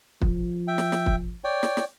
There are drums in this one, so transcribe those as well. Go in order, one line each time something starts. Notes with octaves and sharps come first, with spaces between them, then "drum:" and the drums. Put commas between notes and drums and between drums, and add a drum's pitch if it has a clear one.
F3, drum: kick
E5 G5
drum: snare
drum: snare
drum: kick
C#5 D5 G5
drum: snare
drum: snare